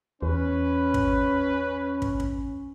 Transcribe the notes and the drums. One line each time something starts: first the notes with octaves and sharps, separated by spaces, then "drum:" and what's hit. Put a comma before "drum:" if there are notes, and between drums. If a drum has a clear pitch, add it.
E2 C#4 B4
drum: kick
drum: kick
drum: kick